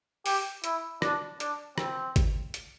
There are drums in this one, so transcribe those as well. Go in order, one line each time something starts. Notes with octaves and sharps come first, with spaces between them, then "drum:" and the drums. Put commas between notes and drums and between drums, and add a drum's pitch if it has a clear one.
G4, drum: open hi-hat
E4, drum: hi-hat
D4, drum: rim click
D4, drum: hi-hat
C4, drum: rim click
drum: kick G#1, hi-hat
drum: hi-hat